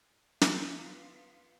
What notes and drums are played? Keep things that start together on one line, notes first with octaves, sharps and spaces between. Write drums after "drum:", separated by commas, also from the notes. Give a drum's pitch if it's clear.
B3 F4, drum: snare